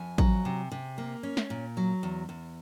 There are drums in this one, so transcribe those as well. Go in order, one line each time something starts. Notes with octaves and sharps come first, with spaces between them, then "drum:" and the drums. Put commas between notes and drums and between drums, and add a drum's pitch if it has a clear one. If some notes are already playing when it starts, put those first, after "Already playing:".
Already playing: F2 G#5
F#3, drum: kick
C3
C3
A#3
C#4
drum: snare
A#2
F#3
E2
E2